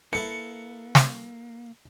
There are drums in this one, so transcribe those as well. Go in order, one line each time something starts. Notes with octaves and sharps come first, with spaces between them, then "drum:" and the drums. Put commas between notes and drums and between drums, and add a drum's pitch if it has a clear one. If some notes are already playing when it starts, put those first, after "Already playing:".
A#3 E4 A4 B4 C#7
drum: snare